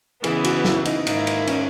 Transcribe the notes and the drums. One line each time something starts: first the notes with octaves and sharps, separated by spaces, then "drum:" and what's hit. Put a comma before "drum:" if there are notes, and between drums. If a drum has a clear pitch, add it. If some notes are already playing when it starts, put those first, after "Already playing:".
C#3 E3 B3 G#4, drum: cymbal
F#4, drum: cymbal
E4, drum: snare
D#4, drum: cymbal
G#2 D#3 A#3 D#4 E4, drum: cymbal
drum: cymbal
C#4, drum: cymbal